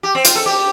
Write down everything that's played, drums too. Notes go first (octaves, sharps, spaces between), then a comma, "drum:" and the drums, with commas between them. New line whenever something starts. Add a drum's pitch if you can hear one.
G4
C4
F4, drum: hi-hat
A4
G4